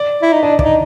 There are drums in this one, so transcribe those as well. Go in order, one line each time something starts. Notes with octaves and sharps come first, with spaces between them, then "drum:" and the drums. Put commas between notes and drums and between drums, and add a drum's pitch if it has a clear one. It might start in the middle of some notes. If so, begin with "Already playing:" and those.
Already playing: D5
E4
D#4
D4 D#5
D5, drum: kick
D#4